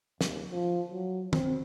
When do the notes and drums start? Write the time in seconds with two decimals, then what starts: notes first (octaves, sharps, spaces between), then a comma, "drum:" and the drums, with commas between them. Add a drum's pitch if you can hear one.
0.21 D#2, drum: snare
0.51 F3
0.90 F#3
1.33 C4, drum: tom